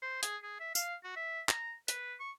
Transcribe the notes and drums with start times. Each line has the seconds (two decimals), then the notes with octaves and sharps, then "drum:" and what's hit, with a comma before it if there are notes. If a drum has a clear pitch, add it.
0.03 C5
0.23 G#4, drum: hi-hat
0.43 G#4
0.60 E5
0.75 F5, drum: tambourine
1.04 F#4
1.17 E5
1.49 A#5, drum: clap
1.88 B4, drum: hi-hat
2.20 C#6